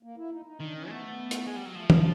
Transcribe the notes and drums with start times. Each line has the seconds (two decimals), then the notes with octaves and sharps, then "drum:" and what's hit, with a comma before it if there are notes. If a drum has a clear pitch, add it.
0.03 A#3
0.17 E4
0.31 D#4
0.45 D#4
0.60 D#3 D4
0.75 C#4
0.88 A3 B3
1.31 drum: hi-hat
1.46 G#3
1.56 G3
1.65 F#3
1.75 F3 A3
1.90 A3, drum: tom